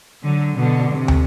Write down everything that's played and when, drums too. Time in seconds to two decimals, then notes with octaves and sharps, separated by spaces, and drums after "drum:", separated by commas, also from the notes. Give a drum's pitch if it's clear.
0.23 D3 F#3
0.57 B2 D3
0.92 C3
1.08 drum: tom